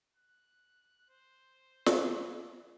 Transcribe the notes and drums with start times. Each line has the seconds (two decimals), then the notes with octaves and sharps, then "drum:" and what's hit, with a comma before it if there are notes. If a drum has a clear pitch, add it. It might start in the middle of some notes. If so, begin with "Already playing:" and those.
0.16 F#6
1.10 C5
1.86 drum: snare